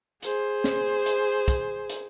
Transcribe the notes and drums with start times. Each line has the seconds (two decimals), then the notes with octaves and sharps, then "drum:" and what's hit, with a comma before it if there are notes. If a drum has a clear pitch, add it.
0.22 G#4 C5, drum: hi-hat
0.64 drum: snare
1.06 drum: hi-hat
1.48 drum: kick, hi-hat
1.90 drum: hi-hat